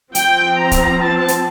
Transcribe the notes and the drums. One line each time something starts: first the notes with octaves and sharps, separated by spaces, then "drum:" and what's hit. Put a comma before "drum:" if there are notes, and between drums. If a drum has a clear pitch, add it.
F3 C4 G5, drum: hi-hat
A#5
drum: kick, hi-hat
A5
drum: hi-hat